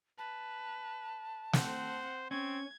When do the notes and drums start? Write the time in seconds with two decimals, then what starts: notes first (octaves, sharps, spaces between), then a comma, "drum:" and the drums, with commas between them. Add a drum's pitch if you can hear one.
0.18 B4 A5
1.53 C4 C5 F#5, drum: snare
2.31 C4 C#4 G#6